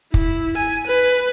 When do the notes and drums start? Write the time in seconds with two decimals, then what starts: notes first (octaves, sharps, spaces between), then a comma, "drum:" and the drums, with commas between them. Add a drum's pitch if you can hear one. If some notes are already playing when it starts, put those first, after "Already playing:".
0.14 E4, drum: kick
0.57 G#5
0.87 B4